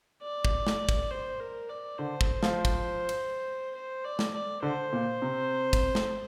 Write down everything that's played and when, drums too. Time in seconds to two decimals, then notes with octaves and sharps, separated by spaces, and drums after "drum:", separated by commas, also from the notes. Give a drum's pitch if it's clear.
0.22 D5
0.45 drum: kick
0.67 drum: snare
0.89 drum: kick, cymbal
1.11 C5
1.40 A#4
1.69 D5
1.98 D3 C5
2.21 drum: kick
2.43 F3, drum: snare
2.65 drum: kick, cymbal
3.09 drum: cymbal
3.74 C5
4.04 D5
4.19 drum: snare
4.33 D5
4.63 D3 C5
4.93 A#2
5.22 C3
5.73 drum: kick, cymbal
5.95 drum: snare